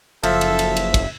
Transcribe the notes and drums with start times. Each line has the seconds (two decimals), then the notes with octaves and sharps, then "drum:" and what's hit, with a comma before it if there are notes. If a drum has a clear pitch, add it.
0.23 F#1 F3 A4 E5, drum: cymbal
0.41 drum: cymbal
0.59 drum: cymbal
0.76 drum: cymbal
0.94 drum: kick, cymbal